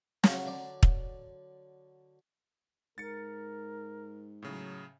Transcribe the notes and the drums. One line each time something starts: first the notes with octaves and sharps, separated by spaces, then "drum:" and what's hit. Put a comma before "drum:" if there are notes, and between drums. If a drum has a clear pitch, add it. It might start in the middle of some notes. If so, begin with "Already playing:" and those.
C#3 F#3 F#4 F5, drum: snare
D3 D5
drum: kick
G#2 A#4 A6 C#7
A2 C#3 F#3